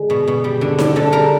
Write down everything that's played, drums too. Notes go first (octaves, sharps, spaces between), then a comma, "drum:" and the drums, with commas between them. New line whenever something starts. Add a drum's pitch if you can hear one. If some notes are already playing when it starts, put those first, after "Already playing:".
Already playing: D3 G#3
B2
B2
G3
D3
D3, drum: snare D#4
D3 A4
G3 A#4